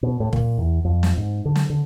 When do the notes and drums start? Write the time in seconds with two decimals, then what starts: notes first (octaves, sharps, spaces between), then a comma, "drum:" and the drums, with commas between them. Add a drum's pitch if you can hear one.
0.03 B2
0.20 A2
0.33 A#2, drum: kick
0.58 E2
0.85 F2
1.03 drum: snare
1.17 G#2
1.45 D3
1.55 drum: snare
1.70 D3